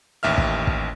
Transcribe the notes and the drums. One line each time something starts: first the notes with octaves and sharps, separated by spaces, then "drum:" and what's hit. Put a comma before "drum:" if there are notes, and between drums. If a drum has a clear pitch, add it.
A1 D#2 E5 F6
drum: kick
drum: kick